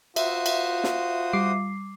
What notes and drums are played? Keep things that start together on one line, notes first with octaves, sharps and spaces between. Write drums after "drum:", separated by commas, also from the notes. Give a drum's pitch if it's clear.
F4 F#4 C5 E5 D#6, drum: cymbal
drum: cymbal
drum: snare
G3 D6 C7